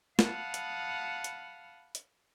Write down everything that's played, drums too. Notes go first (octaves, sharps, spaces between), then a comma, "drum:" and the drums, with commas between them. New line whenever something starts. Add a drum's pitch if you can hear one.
F5 F#5 A5 B5 D#6 F6, drum: snare
drum: hi-hat
drum: hi-hat
drum: hi-hat